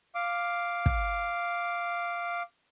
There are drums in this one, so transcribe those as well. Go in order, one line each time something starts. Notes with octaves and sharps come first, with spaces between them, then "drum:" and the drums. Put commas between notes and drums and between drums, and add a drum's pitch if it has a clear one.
F5 D6
drum: kick